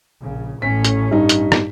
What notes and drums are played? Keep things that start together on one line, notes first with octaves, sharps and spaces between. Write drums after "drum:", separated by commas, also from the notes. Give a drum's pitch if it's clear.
A#1 C#3
A1 A2 C#4 B6
drum: hi-hat
G2 D#4
drum: hi-hat
drum: rim click